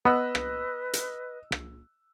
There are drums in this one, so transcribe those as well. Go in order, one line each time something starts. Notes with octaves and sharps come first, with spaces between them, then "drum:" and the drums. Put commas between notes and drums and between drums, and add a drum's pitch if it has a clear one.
B3 B4 D#5 E6 F#6
drum: rim click
drum: hi-hat
drum: rim click